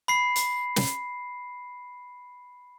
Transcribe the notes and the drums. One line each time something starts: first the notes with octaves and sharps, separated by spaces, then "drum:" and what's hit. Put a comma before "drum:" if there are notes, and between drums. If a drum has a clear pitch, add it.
B5 C7
drum: hi-hat
drum: snare